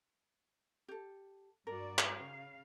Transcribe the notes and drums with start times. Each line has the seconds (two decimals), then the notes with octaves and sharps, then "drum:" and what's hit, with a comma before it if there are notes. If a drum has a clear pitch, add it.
0.88 G4 A4
1.67 G2 F#4 A#4 D5
1.98 drum: clap
2.16 C#3 F5